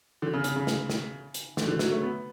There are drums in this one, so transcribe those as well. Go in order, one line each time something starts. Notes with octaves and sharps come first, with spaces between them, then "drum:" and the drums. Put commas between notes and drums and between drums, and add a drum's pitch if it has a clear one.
D3
C#3
C#3, drum: hi-hat
C#3
drum: snare
drum: snare
drum: hi-hat
D3, drum: snare
D3
F#3, drum: snare
A3
B3